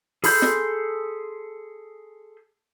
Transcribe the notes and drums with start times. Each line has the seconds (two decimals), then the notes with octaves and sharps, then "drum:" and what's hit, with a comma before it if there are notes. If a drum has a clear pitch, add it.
0.24 G#4 A4 B5 C6 G6, drum: open hi-hat
0.42 drum: snare